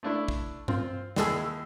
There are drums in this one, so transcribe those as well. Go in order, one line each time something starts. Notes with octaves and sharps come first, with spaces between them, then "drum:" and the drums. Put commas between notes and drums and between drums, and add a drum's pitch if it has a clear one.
A3 D4 E4
drum: kick
C4 F4, drum: tom G2
D#2 G#3 E4 G#4 A5 E6, drum: snare